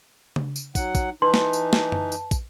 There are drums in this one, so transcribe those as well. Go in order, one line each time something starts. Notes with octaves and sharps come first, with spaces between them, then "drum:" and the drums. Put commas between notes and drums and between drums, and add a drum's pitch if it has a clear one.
drum: tom C#3
drum: tambourine
F#3 D#4 F#5, drum: kick, tambourine
drum: kick, tambourine
E3 D#4 B4 A5 C6
drum: snare
drum: tambourine
drum: snare
drum: tom F#2
drum: tambourine
drum: kick, tambourine